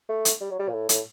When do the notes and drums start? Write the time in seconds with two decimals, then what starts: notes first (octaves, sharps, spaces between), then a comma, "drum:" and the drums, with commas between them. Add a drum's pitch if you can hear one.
0.09 A3
0.25 drum: hi-hat
0.41 G3
0.50 F#3
0.59 G3
0.68 A#2
0.73 A2
0.89 A2, drum: hi-hat